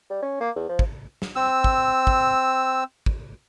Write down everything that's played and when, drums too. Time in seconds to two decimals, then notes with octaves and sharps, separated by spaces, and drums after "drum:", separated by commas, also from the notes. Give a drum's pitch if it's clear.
0.10 G3
0.22 C#4
0.41 A#3
0.56 E2
0.69 F3
0.79 drum: kick
1.22 drum: snare
1.36 C4 E6
1.64 drum: kick
2.07 drum: kick
3.06 drum: kick